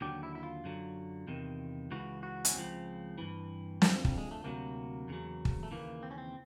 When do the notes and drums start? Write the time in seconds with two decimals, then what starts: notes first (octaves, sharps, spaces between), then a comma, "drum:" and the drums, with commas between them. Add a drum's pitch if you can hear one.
0.01 D#2 D3 F#3 G4
0.23 E4
0.35 E4
0.43 F4
0.64 F#2 D3 F#3
1.27 E2 C3 D#3
1.91 C#2 C#3 E3 F#4
2.23 F#4
2.45 C#4, drum: hi-hat
2.54 C#2 C#3 F3 C4
3.18 G2 E3
3.82 F2 D3 F3, drum: snare
4.05 G3, drum: kick
4.18 G#3
4.31 A3
4.44 D2 C3 D#3 F#3 A#3
5.08 E2 C#3 F#3
5.45 drum: kick
5.63 A3
5.71 D#2 C#3 E3 A#3
6.03 C4
6.11 C#4
6.18 C4